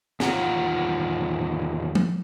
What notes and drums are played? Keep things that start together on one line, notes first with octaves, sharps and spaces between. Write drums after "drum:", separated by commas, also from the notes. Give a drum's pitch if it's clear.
E2 D#3 F4 F#5 A#5, drum: snare
drum: tom F3